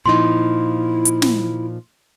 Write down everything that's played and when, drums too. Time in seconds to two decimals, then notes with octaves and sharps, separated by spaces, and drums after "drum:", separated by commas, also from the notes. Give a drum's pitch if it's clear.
0.06 A#2 F3 D#4 E4 C6
1.05 drum: hi-hat
1.22 drum: snare